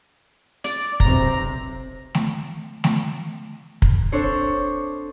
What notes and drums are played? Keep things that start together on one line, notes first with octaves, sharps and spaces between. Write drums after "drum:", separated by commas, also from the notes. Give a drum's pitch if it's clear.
D5, drum: hi-hat
B1 C3 C4 A#5, drum: kick
drum: snare A3
drum: snare A3
drum: kick
C4 D4 A4 C5 C#5